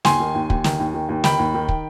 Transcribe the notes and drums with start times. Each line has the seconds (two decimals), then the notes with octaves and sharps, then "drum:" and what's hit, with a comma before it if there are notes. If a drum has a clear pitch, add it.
0.05 D#2 G#5 C6, drum: snare
0.20 D#3
0.35 D#2
0.50 D#2, drum: kick
0.64 D#3, drum: snare
0.80 D#2
0.94 D#3
1.09 D#2
1.24 D#3 G5 B5, drum: snare
1.39 D#2
1.54 D#3
1.69 drum: kick